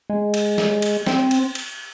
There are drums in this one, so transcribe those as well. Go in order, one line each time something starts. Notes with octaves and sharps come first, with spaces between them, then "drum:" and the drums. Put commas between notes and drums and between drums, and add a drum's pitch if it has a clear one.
G#3
drum: cymbal
drum: snare
drum: cymbal
C4, drum: snare
drum: cymbal
drum: cymbal